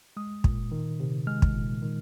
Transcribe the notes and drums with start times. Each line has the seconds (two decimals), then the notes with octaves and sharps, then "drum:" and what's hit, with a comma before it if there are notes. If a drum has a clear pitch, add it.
0.17 G#3 D#6
0.44 A#2, drum: kick
0.72 D#3
1.00 C3
1.27 G#3 F6
1.42 drum: kick
1.55 A#2
1.82 D#3